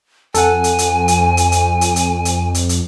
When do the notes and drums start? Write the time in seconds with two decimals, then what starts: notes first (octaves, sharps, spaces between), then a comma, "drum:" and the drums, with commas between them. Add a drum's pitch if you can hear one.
0.34 F2 A4 F#5 G#5, drum: hi-hat
0.64 drum: hi-hat
0.79 drum: hi-hat
1.08 drum: hi-hat
1.37 drum: hi-hat
1.52 drum: hi-hat
1.81 drum: hi-hat
1.96 drum: hi-hat
2.25 drum: hi-hat
2.55 drum: hi-hat
2.69 drum: hi-hat